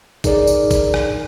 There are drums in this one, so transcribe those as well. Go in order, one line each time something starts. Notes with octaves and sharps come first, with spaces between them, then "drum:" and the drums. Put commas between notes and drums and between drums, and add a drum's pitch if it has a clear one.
D#4 G#4 A#4 D5, drum: kick, tambourine
drum: tambourine
drum: kick, tambourine
drum: rim click